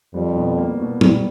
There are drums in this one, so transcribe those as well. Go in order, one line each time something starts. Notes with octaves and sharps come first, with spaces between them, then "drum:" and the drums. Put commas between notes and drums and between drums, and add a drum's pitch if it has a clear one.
F2 G3
B2
A#3
B2
G3, drum: tom